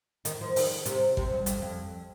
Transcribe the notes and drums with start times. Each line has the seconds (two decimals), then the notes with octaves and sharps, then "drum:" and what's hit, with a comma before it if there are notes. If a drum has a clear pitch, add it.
0.25 D#3, drum: hi-hat
0.41 F3
0.56 D#3, drum: open hi-hat
0.85 C3, drum: hi-hat
1.17 C3, drum: kick G#1
1.32 G2
1.46 F2, drum: hi-hat
1.62 F2